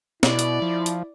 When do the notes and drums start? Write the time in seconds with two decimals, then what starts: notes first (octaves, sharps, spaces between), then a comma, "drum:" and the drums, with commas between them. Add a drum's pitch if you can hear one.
0.23 B2 E4 D5, drum: snare
0.39 drum: hi-hat
0.62 F3
0.86 drum: hi-hat